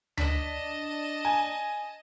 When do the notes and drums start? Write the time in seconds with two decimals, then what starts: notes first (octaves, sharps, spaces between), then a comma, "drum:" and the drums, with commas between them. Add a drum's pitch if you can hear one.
0.17 D4 D#5 A5 B6, drum: tom D2
1.25 G#5